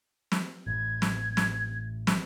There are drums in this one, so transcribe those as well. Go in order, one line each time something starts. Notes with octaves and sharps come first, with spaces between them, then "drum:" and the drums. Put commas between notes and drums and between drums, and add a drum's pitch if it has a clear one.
drum: snare
A1 G#6
drum: snare
drum: snare
drum: snare